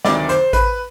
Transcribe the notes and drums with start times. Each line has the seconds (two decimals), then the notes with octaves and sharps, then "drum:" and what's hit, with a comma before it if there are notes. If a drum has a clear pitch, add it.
0.05 D2 C3 D#3 F#3 D5, drum: snare
0.29 C5, drum: hi-hat
0.53 B4, drum: kick A1, hi-hat